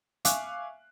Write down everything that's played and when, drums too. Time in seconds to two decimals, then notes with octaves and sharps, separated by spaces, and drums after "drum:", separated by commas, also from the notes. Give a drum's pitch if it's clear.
0.25 E5 F5 G#5 C#6 D6 F#6, drum: hi-hat